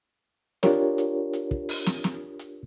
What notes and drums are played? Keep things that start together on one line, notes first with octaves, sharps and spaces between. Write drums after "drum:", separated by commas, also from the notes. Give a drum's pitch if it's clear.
D4 F4 G4 A#4 C#5, drum: snare
drum: hi-hat
drum: hi-hat
drum: kick
drum: open hi-hat
drum: snare
drum: snare
drum: hi-hat